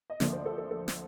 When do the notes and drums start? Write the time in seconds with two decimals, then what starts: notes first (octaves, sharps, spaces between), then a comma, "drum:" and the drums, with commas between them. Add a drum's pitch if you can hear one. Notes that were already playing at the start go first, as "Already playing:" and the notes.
0.10 D#5
0.20 D2 D3 F3 A#3 D5, drum: snare
0.33 C5
0.46 A4
0.58 A4
0.71 A4
0.88 drum: snare